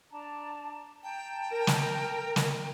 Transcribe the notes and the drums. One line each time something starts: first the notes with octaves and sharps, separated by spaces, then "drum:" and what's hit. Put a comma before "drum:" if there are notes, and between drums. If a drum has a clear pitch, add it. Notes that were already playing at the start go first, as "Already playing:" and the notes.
D4 A5 A#5
G5 A5 A#5
A#4
drum: snare
drum: snare